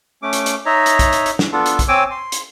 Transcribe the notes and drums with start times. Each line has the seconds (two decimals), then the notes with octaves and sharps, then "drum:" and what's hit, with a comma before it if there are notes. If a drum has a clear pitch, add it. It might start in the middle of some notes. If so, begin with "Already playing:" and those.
0.22 A3 C#4 D6
0.33 drum: hi-hat
0.46 drum: hi-hat
0.66 D#4 C#5 D#5 E5 A#5
0.86 drum: hi-hat
0.99 drum: kick, hi-hat
1.13 drum: hi-hat
1.26 drum: hi-hat
1.39 drum: snare
1.52 B3 D4 F4 A4
1.66 drum: hi-hat
1.79 drum: kick, hi-hat
1.88 C4 C#5 G5 G#5 D6 E6
2.11 C6
2.32 drum: hi-hat